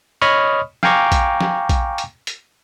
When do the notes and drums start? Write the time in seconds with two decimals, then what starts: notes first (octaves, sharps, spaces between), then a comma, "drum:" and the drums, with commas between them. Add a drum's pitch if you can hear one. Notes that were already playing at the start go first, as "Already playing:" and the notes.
0.22 C#5 D#5 B5 C#6 D#6 F6
0.83 F5 G5 G#5 A#5 C#6 D6, drum: snare
1.12 drum: kick A#1, hi-hat
1.41 drum: snare
1.69 drum: kick A#1, hi-hat
1.98 drum: hi-hat
2.27 drum: hi-hat